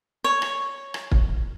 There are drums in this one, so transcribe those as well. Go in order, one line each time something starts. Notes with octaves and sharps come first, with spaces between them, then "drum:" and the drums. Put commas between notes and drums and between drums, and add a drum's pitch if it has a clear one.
C#5
drum: rim click
drum: rim click
drum: kick